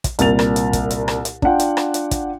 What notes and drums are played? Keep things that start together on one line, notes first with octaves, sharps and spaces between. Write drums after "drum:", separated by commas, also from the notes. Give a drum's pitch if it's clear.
drum: kick, hi-hat
C2 A#2 A#4 A6 F7, drum: hi-hat
drum: rim click
drum: hi-hat
drum: kick, hi-hat
drum: hi-hat
drum: rim click
drum: hi-hat
D4 F4 F#5 G5, drum: kick
drum: hi-hat
drum: rim click
drum: hi-hat
drum: kick, hi-hat